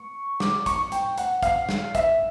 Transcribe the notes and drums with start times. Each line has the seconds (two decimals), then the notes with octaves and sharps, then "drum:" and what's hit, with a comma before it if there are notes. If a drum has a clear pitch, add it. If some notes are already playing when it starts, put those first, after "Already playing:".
Already playing: C#6
0.40 D6, drum: snare
0.66 C#6, drum: kick, hi-hat
0.92 G5, drum: hi-hat
1.18 F#5, drum: hi-hat
1.43 F5, drum: kick, hi-hat
1.69 drum: snare
1.95 E5, drum: kick, hi-hat